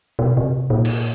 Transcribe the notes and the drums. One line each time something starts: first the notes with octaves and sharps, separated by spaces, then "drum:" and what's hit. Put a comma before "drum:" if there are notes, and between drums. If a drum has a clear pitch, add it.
B2
C3
A#2
drum: cymbal